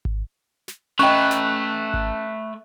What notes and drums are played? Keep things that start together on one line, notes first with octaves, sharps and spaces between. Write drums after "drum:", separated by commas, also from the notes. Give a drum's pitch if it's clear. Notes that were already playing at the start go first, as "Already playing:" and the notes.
drum: kick G#1
drum: snare
A3 C#4 B4 D#5 G5 C#6 F#6
drum: snare
drum: kick G#1